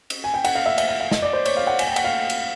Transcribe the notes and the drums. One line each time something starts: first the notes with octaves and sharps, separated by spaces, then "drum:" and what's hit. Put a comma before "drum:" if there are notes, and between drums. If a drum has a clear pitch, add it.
drum: cymbal
G#5
G5
F#5, drum: cymbal
F5
E5
E5, drum: cymbal
F5
F5
D#5, drum: snare
D5
C5
C#5, drum: cymbal
F5
F#5
G#5, drum: cymbal
G5
F#5, drum: cymbal
F5
drum: cymbal